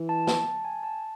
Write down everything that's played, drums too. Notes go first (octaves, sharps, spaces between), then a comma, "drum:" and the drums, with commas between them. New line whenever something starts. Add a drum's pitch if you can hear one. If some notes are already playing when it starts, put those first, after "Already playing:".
Already playing: E3
A5
A5, drum: snare
A5
G#5
A5